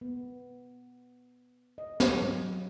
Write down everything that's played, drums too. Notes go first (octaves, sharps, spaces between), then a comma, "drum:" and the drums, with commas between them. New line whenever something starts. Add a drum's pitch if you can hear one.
B3
D#5
drum: snare
F#3